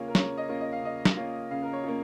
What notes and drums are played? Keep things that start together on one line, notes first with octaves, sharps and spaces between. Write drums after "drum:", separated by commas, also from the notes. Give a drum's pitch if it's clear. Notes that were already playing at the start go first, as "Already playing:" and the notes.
Already playing: C#3 A#3 C#4 F4
A#4
C#3 C#5, drum: snare
D#5
A#3 C#4 F4
D#5
F5
C#3 D#5
drum: snare
A#3 C#4 F4
C#3 F5
A#4
C#5
A#3 C#4 F4